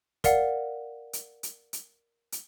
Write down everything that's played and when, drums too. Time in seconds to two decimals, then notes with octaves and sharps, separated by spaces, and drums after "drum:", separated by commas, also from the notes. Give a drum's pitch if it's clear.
0.24 A#4 D5 F5 F#5, drum: kick, hi-hat
1.13 drum: hi-hat
1.43 drum: hi-hat
1.73 drum: hi-hat
2.32 drum: hi-hat